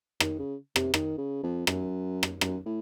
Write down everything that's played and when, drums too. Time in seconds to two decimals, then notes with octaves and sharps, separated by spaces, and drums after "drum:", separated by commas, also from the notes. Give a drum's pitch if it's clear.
0.20 D#3, drum: rim click
0.39 C#3
0.76 C3, drum: rim click
0.94 D#3, drum: rim click
1.18 C#3
1.43 F2
1.67 F#2, drum: rim click
2.23 drum: rim click
2.41 F#2, drum: rim click
2.66 A2